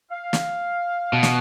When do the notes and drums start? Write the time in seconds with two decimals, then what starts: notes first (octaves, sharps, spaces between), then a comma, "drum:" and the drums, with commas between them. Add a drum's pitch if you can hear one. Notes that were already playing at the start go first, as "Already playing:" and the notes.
0.10 F5
0.33 drum: snare
1.13 B2
1.23 drum: snare